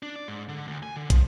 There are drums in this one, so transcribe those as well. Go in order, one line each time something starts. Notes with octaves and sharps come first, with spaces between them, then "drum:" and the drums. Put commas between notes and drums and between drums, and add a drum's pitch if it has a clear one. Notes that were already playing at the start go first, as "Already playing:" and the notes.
D4
D5
G#2
D3
D2
G#5
D3
F3, drum: kick, hi-hat